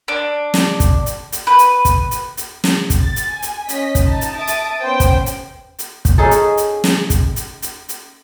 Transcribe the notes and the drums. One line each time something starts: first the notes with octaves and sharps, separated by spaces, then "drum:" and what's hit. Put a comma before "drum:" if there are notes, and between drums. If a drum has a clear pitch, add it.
D4
drum: snare
drum: kick, hi-hat
drum: hi-hat
drum: hi-hat
B4
drum: hi-hat
drum: kick, hi-hat
drum: hi-hat
drum: hi-hat
drum: snare
drum: kick, hi-hat
A6
drum: hi-hat
G#5
drum: hi-hat
C#4 D#5 B6, drum: hi-hat
drum: kick, hi-hat
D#4 A5
drum: hi-hat
E5 A5 D#6 A6 D7
drum: hi-hat
B3 C#4 C5 G5
drum: kick, hi-hat
drum: hi-hat
drum: hi-hat
drum: kick, hi-hat
C#4 D#4 G#4 A4
drum: hi-hat
drum: hi-hat
drum: snare
drum: kick, hi-hat
drum: hi-hat
drum: hi-hat
drum: hi-hat